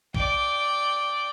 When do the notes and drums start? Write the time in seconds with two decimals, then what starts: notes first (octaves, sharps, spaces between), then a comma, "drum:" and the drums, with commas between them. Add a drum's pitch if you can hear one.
0.14 D5 G5, drum: kick A#1